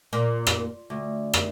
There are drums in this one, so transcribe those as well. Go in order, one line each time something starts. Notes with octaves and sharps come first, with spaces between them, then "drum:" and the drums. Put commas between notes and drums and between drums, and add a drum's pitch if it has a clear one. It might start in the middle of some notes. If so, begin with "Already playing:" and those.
A#2
drum: rim click
D2
drum: rim click